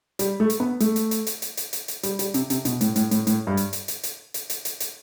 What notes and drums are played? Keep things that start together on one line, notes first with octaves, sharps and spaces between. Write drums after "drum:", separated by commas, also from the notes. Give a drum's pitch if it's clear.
G3, drum: hi-hat
A3
drum: hi-hat
B3
A3, drum: hi-hat
drum: hi-hat
drum: hi-hat
drum: hi-hat
drum: hi-hat
drum: hi-hat
drum: hi-hat
drum: hi-hat
G3, drum: hi-hat
G3, drum: hi-hat
C3, drum: hi-hat
C3, drum: hi-hat
B2, drum: hi-hat
A2, drum: hi-hat
A2, drum: hi-hat
A2, drum: hi-hat
A2, drum: hi-hat
G2
drum: hi-hat
drum: hi-hat
drum: hi-hat
drum: hi-hat
drum: hi-hat
drum: hi-hat
drum: hi-hat
drum: hi-hat